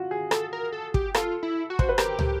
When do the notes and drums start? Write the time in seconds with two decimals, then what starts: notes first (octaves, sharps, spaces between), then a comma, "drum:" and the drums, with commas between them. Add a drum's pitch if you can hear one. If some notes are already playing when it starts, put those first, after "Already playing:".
Already playing: F4 F#4
0.11 G#4
0.31 A4, drum: rim click
0.53 A#4
0.72 A4
0.94 G4, drum: kick
1.15 F4 A4, drum: rim click
1.43 E4
1.70 F#4
1.79 C5, drum: kick
1.89 B4
1.98 G4 A#4, drum: rim click
2.19 drum: tom